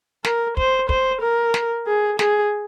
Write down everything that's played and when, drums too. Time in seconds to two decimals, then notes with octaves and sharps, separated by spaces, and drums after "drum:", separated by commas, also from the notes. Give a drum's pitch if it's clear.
0.24 A#4, drum: snare
0.57 C5, drum: kick
0.89 C5, drum: kick
1.21 A#4
1.54 drum: snare
1.87 G#4
2.19 G#4, drum: snare